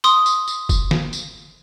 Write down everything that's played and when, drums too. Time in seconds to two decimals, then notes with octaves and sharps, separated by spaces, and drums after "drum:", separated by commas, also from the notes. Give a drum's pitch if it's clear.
0.04 C6 D#6, drum: tambourine
0.26 drum: tambourine
0.48 drum: tambourine
0.69 drum: kick F1, tambourine
0.91 drum: snare
1.13 drum: tambourine